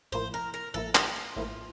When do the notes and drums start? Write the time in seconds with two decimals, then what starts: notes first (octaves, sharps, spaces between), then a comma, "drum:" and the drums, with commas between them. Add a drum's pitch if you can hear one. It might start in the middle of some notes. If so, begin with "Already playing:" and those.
0.12 A1 A2 F3 A#3 E4 C5
0.34 A#4
0.54 A#4
0.74 A1 A2 F3 A#3 E4 A4
0.95 G4, drum: clap
1.16 F4
1.36 A1 A2 F3 A#3 E4